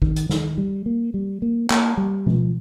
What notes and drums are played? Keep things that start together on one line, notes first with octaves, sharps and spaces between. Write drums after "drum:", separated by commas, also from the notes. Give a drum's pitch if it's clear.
D#3, drum: kick
drum: hi-hat
D#3, drum: snare
G3
A#3
G3
A#3
A#3, drum: clap
G3
F3, drum: tom B2